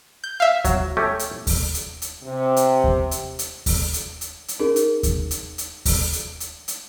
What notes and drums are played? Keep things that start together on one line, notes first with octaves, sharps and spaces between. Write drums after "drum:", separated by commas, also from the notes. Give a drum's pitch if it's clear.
G6
E5 F5
F#3, drum: kick D#2, hi-hat
A3 C#4 G4
drum: hi-hat
drum: kick D#2, open hi-hat
drum: hi-hat
drum: hi-hat
C3
drum: hi-hat
drum: kick D#2
drum: hi-hat
drum: hi-hat
drum: kick D#2, open hi-hat
drum: hi-hat
drum: hi-hat
drum: hi-hat
C#4 D#4 G#4 A#4
drum: hi-hat
drum: kick D#2, hi-hat
drum: hi-hat
drum: hi-hat
drum: kick D#2, open hi-hat
drum: hi-hat
drum: hi-hat
drum: hi-hat